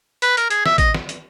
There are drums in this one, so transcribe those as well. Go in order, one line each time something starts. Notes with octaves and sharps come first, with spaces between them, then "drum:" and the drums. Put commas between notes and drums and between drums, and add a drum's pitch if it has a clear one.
B4, drum: hi-hat
A#4, drum: hi-hat
G#4, drum: hi-hat
E5, drum: snare
D#5, drum: kick, hi-hat
drum: snare
drum: hi-hat